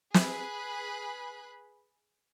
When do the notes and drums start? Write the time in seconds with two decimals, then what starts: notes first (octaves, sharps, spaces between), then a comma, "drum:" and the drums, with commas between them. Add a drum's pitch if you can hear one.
0.14 G#4 B4 B5 F#6, drum: snare